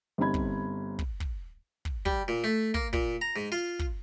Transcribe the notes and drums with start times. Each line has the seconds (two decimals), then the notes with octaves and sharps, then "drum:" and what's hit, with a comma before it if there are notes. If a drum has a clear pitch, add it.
0.18 G1 C4 C#4 D#4 B5 G#6
0.34 drum: kick
0.99 drum: kick
1.20 drum: kick
1.85 drum: kick
2.06 G3, drum: kick
2.28 A#2
2.44 A3
2.74 A#3, drum: kick
2.93 A#2, drum: kick
3.22 A#5
3.36 G#2
3.52 F4
3.79 drum: kick